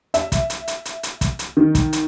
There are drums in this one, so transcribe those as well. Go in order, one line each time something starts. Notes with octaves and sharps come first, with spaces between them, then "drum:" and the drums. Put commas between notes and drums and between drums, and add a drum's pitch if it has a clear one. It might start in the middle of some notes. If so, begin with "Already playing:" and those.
E5, drum: hi-hat
drum: kick, hi-hat
drum: hi-hat
drum: hi-hat
drum: hi-hat
drum: hi-hat
drum: kick, hi-hat
drum: hi-hat
D#3
drum: kick, hi-hat
drum: hi-hat